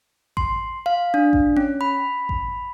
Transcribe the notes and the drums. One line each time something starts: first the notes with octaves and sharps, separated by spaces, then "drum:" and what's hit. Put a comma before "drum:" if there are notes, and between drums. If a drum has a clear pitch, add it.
C6, drum: kick A1
F5
D4
drum: kick A1
C#4
B5
drum: kick A1